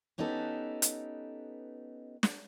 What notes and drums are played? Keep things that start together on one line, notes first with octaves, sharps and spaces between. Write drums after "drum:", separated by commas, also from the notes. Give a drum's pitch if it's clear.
B3 C#4 D#4 G4 A4 B4
drum: hi-hat
drum: snare